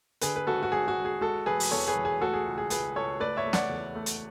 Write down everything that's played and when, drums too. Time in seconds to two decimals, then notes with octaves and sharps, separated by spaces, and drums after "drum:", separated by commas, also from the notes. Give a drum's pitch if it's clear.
0.21 D3 G#4 B4, drum: hi-hat
0.36 B4
0.47 G#1 F#4 A4
0.63 F#4
0.72 G#1 G#4
0.88 F#4
0.97 G#1
1.05 G#4
1.21 G#3 F#4 A4
1.46 E1 G#4 B4
1.60 drum: open hi-hat
1.71 E2 A4 C#5
1.88 G#4 B4
1.96 E1
2.05 G#4
2.21 A3 F#4 A4
2.33 G#4
2.46 C#2
2.58 G#4
2.70 C#2 G#4 B4, drum: hi-hat
2.96 C#2 A4 C#5
3.20 A3 B4 D5
3.37 C#5 E5
3.46 A3
3.53 D5 F#5, drum: snare
3.70 E2
3.95 A3
4.06 drum: hi-hat